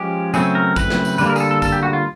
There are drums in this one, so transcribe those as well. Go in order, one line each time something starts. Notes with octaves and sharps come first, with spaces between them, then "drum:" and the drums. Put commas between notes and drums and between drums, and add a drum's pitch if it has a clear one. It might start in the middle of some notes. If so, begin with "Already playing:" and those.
Already playing: F3 G#3 C#4 G4
C#3 F#3 A3 C4 G#4, drum: tambourine
A#4
B4, drum: kick, tambourine
drum: snare
drum: tambourine
D3 G3 A#3 B4, drum: tambourine
A#4
G#4, drum: tambourine
A4
A4
A4, drum: kick, tambourine
G4
F#4
F4